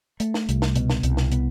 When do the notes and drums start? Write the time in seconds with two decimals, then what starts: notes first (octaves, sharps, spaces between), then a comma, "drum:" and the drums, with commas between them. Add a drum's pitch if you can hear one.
0.20 A3, drum: hi-hat
0.34 drum: snare
0.49 C2, drum: hi-hat
0.62 drum: snare
0.76 B2, drum: hi-hat
0.90 drum: snare
1.03 C2, drum: hi-hat
1.17 drum: snare
1.32 B3, drum: hi-hat